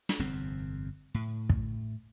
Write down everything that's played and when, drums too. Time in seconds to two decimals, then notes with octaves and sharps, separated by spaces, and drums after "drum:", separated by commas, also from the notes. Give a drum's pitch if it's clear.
0.09 drum: snare
0.19 G1 F2 C3 C4
1.14 A2
1.49 drum: kick